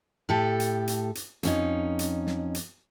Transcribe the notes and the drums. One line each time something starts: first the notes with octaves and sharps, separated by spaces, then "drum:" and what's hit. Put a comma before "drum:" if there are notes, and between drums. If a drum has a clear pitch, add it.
A2 G4 A4
drum: hi-hat
drum: hi-hat
drum: hi-hat
F2 C#4 D#4, drum: hi-hat
drum: hi-hat
drum: snare
drum: hi-hat